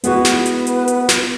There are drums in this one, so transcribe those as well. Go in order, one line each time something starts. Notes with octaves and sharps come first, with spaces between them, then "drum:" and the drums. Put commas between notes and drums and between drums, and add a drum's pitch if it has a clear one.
G#3 B3 E4 F#4 B4, drum: hi-hat
drum: snare
drum: hi-hat
drum: hi-hat
drum: hi-hat
drum: snare